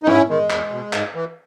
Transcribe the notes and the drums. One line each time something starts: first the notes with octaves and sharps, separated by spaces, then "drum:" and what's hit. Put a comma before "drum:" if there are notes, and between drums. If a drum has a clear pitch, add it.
D#4
G#2 C#4 E4, drum: tom G#2
D#3 G#3
E2, drum: clap
B2
G#2, drum: clap
E3